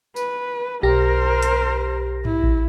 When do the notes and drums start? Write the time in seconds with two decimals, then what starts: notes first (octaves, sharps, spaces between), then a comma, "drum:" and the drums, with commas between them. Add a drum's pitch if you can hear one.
0.16 B4, drum: tambourine
0.83 B1 G4 A#4 C5 A#6
1.43 drum: hi-hat
2.25 E4, drum: tom G#2
2.43 drum: kick A1